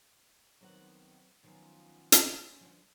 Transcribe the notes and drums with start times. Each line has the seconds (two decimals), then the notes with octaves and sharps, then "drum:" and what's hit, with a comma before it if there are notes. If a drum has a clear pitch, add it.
0.61 D#3 F#3 B3 C4 F#5
1.44 D#3 F3 F#3 B3 C#4 F4
2.12 drum: hi-hat
2.61 D3 F3